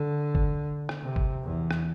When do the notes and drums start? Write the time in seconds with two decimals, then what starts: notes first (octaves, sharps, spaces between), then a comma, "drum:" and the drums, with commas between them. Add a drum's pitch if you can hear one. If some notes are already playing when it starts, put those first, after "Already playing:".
Already playing: D3
0.35 drum: kick G1
0.89 drum: rim click
1.03 C3
1.16 drum: kick G1
1.43 E2
1.71 drum: rim click